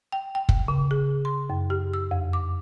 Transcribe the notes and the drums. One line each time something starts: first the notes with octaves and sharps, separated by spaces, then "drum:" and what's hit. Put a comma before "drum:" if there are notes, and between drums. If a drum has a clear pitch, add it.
G5
G5
drum: kick
C#3
G#4
C6
F#2
G4
E6
F2
D6